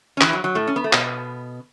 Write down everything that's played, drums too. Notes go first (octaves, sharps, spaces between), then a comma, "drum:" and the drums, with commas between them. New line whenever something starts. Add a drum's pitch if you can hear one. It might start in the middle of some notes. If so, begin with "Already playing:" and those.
C#4
E3 E4, drum: clap
F#3
F#3
A2 A3
C#4
B3
A3
B2 B3, drum: clap